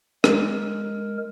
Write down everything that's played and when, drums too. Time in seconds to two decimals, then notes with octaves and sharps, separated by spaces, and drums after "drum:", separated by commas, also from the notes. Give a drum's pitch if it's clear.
0.24 G#3 A#4, drum: rim click